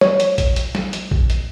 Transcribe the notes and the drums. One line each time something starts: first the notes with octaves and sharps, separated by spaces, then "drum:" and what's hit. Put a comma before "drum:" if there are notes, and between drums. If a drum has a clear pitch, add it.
C#5, drum: snare
drum: hi-hat
drum: kick A#1, hi-hat
drum: hi-hat
drum: snare
drum: hi-hat
drum: kick A#1
drum: hi-hat